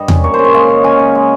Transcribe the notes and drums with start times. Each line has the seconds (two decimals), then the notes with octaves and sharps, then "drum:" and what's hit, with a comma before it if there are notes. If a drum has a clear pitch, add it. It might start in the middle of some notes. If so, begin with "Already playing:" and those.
Already playing: G2 G3 D#5
0.08 C#4, drum: tom E2
0.24 A#3 C#5
0.34 C#3 C5
0.44 C#5
0.54 G#3 F5
0.69 C#3
0.84 C#4 G#5
0.99 C#3
1.15 G#3